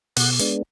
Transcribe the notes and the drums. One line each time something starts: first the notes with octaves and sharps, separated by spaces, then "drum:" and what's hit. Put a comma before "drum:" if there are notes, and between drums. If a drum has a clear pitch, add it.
B2 F#5, drum: open hi-hat
G#3 B3 D4, drum: hi-hat